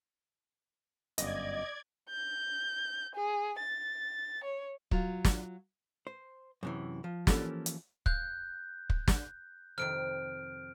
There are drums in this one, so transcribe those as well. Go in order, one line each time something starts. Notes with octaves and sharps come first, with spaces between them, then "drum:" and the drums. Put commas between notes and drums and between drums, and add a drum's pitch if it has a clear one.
G1 F#2 D5 D#5 G#6, drum: hi-hat
G6
G#4
A6
C#5
F#3 F4, drum: kick
drum: snare
C5
F#2 C3 E3
F3
E3 F3 A#3 C#4 G4 A4, drum: snare
drum: hi-hat
F5 F#6 G6, drum: kick
drum: kick
drum: snare
F2 C3 D#3 F6 D7